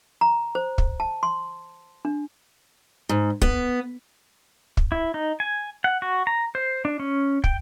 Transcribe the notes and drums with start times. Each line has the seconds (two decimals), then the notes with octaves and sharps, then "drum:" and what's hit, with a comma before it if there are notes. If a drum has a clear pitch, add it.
0.21 A#5
0.55 C5
0.78 drum: kick
1.00 A5
1.23 C6
2.05 D4
3.09 G#2
3.42 B3, drum: kick
4.77 drum: kick
4.92 E4
5.14 D#4
5.40 G#5
5.84 F#5
6.02 F#4
6.27 A#5
6.55 C5
6.85 D4
7.00 C#4
7.44 G5, drum: kick